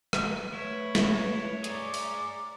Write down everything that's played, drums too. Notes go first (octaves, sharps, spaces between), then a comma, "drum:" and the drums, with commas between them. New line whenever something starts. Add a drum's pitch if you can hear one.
drum: rim click
A3 E4 B4 C#5
drum: snare
G#4 D5 A#5, drum: hi-hat
drum: open hi-hat